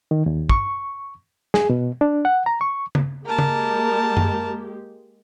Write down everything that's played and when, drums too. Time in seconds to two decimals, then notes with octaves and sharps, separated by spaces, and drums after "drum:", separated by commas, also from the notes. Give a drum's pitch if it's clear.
0.11 D#3
0.26 D#2
0.50 C#6, drum: kick
1.54 G#4, drum: snare
1.70 B2
2.01 D4
2.25 F#5
2.46 A#5
2.61 C#6
2.95 drum: tom C#3
3.26 G#3 A#3 G4 A#4 A5
3.39 drum: tom C#3
4.17 drum: tom F#2